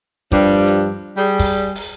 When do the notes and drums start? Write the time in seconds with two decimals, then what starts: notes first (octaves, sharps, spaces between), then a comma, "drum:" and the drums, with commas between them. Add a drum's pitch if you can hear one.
0.32 G2 F3 G3 D4, drum: kick, hi-hat
0.68 drum: hi-hat
1.17 G3 G#4
1.39 drum: kick, open hi-hat
1.75 drum: open hi-hat